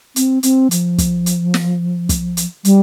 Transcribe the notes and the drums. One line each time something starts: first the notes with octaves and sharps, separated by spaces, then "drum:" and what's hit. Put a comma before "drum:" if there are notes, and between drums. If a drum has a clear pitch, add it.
C4, drum: hi-hat
C4, drum: hi-hat
F3, drum: hi-hat
drum: kick, hi-hat
drum: hi-hat
drum: snare
drum: kick, hi-hat
drum: hi-hat
G3, drum: hi-hat